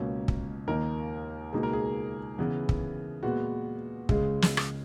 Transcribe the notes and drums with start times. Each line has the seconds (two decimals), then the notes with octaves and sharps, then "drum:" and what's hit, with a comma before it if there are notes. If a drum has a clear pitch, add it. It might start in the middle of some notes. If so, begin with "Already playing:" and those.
Already playing: C#2 B2 A#3 C#4
0.28 drum: kick
0.67 D#2 D#3 A#3 D#4 A#4
1.53 C#2 B2 A#3 D#4 G#4
1.63 A#4
1.73 G#4
2.38 C#3 E3 B3
2.69 drum: kick
3.23 A#2 G#3 B3 F#4
4.09 C#2 C#3 G#3, drum: kick
4.42 drum: snare
4.57 drum: rim click